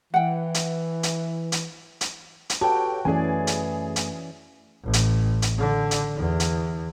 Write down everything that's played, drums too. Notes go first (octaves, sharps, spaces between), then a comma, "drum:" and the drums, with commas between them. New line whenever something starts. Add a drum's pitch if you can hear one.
E3 F#5 G5
drum: hi-hat
drum: hi-hat
drum: hi-hat
drum: hi-hat
drum: hi-hat
F#4 G4 A4 B4 C#5 G5 A5
F#2 E3 A3 C#4 G#4 D5 G#5
drum: hi-hat
drum: hi-hat
A1
drum: hi-hat
drum: hi-hat
D3
drum: hi-hat
E2
drum: hi-hat